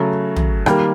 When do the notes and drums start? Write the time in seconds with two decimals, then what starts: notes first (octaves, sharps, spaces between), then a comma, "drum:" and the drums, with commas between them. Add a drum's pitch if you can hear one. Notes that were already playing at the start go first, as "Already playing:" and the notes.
Already playing: C#3 F#3 A3
0.36 drum: tom
0.66 D#3 G3 A#3, drum: rim click